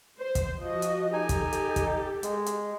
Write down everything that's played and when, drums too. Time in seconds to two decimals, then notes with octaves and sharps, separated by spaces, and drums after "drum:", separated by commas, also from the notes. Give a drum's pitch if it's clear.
0.18 C5
0.35 drum: kick, hi-hat
0.62 F3 F#4 D#5
0.82 drum: hi-hat
1.13 D#4 G4 A4 G#5
1.29 drum: kick, hi-hat
1.53 drum: hi-hat
1.76 drum: kick, hi-hat
2.23 G#3, drum: hi-hat
2.46 drum: hi-hat